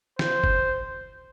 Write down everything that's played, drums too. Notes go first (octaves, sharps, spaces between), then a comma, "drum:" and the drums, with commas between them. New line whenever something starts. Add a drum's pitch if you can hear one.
C5, drum: snare
drum: kick G1